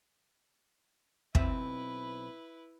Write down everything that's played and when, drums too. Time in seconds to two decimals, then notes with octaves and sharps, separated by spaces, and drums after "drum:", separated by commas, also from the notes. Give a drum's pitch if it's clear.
1.35 B1 C4 E4 B4 E5, drum: kick